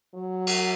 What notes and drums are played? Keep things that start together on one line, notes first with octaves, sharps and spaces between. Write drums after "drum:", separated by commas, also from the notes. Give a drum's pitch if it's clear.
F#3
drum: cymbal